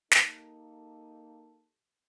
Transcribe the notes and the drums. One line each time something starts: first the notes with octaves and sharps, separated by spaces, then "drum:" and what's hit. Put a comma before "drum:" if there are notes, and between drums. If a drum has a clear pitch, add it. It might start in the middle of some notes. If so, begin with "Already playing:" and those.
A#3 D#4 G4 A4, drum: snare